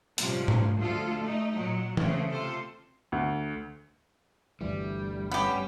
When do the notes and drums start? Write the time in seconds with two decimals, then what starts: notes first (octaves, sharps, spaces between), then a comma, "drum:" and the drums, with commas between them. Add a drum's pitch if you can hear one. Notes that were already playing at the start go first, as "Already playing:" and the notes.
0.18 G#2 C3 F3 G3 C#4, drum: hi-hat
0.48 drum: tom G#2
0.78 D2 F3 F4 A4
1.22 A3 D#4
1.55 A#2 F#3
1.97 C#3 A3 C4, drum: tom E3
2.30 C3 F4 A4 C5
3.12 D2
4.61 G1 D2 E3 G3
5.32 B3 C#4 G4